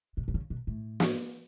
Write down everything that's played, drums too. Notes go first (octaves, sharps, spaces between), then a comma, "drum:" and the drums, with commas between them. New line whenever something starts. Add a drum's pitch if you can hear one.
B2
B2
C#3
B2
A2
drum: snare